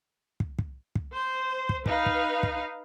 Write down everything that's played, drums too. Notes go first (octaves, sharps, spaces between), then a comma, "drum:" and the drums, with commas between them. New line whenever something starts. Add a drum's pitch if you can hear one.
drum: kick
drum: kick
drum: kick
C5
drum: kick
D#4 B4 F5, drum: kick
drum: kick
drum: kick